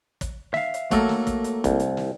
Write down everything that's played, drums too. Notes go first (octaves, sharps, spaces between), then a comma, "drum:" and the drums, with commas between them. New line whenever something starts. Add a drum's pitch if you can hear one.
drum: kick, hi-hat
E5 F5, drum: snare
drum: hi-hat
F#3 A3 A#3 A4 A#4, drum: kick, hi-hat
drum: snare
drum: kick, hi-hat
drum: hi-hat
C2, drum: kick, hi-hat
drum: hi-hat
drum: snare